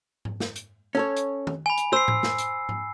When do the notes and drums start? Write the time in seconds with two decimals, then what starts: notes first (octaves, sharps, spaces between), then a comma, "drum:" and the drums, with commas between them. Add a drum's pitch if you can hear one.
0.25 drum: tom G#2
0.40 drum: snare
0.56 drum: hi-hat
0.95 C#4 A4 C#5
1.17 drum: hi-hat
1.47 drum: tom D#3
1.66 G#5 B5
1.77 drum: hi-hat
1.93 C5 E6 C7
2.08 drum: tom A2
2.23 drum: snare
2.38 drum: hi-hat
2.69 drum: tom G#2